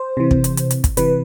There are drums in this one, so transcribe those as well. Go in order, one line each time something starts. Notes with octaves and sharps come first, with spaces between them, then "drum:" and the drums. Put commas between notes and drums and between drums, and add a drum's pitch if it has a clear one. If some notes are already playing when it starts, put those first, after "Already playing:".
Already playing: C5
C3 E3
drum: kick
drum: hi-hat
drum: hi-hat
drum: hi-hat
drum: kick, hi-hat
C3 E3 B4, drum: hi-hat